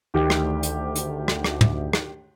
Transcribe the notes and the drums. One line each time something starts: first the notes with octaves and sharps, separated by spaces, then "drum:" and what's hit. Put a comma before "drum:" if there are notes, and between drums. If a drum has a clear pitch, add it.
D2 D#3 G4
drum: rim click
drum: hi-hat
drum: hi-hat
drum: rim click
drum: rim click
drum: tom
drum: rim click